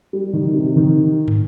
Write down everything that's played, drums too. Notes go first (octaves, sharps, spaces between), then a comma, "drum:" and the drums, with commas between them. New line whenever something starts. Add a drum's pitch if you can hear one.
G3
D#3
C3
D#3
drum: tom